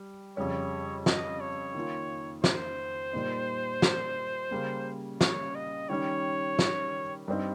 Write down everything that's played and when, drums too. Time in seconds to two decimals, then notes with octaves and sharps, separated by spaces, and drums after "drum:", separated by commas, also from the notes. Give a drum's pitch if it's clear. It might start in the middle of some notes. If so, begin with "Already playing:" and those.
Already playing: G3
0.37 F2 C#3 G3 C#4 C#5
1.06 D#5, drum: snare
1.41 C#5
1.75 D#3 A#3 F4
2.44 C5, drum: snare
3.13 A#2 G3 A#3 D#4
3.82 drum: snare
4.51 C#3 G3 A#3
5.21 C#5, drum: snare
5.55 D#5
5.89 D#3 G3 C#4 C#5
6.59 drum: snare
7.28 G2 G3 C4 D#4